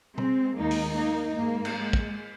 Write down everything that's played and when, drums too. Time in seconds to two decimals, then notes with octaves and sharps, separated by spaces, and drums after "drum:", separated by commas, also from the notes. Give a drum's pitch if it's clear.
0.18 G#3 C4, drum: tom
0.58 D#2 D#3 G#3 A#3 D#4
0.71 drum: open hi-hat
0.96 A#3 D#4
1.35 G#2 G#3 A#3
1.65 drum: cymbal
1.75 G#3
1.93 drum: kick